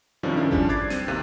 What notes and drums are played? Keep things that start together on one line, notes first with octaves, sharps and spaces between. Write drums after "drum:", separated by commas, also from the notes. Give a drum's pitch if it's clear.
G2 C3 D#3 F3 C#4 D4
C#3 C#4 D4 E4 A4
F3 G3 D4, drum: kick G#1
D6 F#6 G#6 A6 C7
C4 D#7, drum: snare
D#2 C3 D#3 F5 F#6 D#7